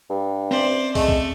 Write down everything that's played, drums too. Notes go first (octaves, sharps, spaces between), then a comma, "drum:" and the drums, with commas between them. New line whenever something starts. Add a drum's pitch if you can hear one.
G2
C4 C#4 C5 D5 E5
G#3 A3, drum: kick, open hi-hat
drum: kick